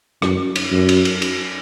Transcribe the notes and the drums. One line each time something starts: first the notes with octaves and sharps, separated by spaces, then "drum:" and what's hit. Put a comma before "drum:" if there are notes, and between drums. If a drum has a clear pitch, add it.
F#2, drum: rim click
drum: cymbal
F#2
drum: cymbal
drum: cymbal
drum: cymbal